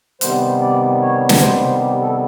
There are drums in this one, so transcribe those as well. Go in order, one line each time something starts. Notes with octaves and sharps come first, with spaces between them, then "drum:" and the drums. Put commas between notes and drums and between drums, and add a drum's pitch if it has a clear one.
C3 D#3 G3 B3 C5, drum: hi-hat
D5
C#5
drum: snare
C5
G4
A4